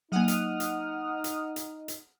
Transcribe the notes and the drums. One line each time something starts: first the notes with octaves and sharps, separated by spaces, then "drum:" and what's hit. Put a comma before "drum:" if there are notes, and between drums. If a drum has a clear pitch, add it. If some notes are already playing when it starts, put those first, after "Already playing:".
F#3 A#3 D#4 F#5 D#6 F6
drum: hi-hat
drum: hi-hat
drum: hi-hat
drum: hi-hat
drum: hi-hat